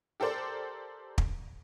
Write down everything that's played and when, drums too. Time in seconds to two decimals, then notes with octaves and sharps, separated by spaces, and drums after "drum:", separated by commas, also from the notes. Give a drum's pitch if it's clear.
0.20 G4 A4 A#4 C5 D5
1.18 drum: kick